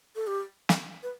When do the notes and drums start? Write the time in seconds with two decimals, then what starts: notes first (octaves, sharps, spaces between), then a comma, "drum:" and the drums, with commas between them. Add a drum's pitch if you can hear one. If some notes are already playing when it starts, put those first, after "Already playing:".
0.16 A4
0.27 G4
0.69 drum: snare
1.03 B4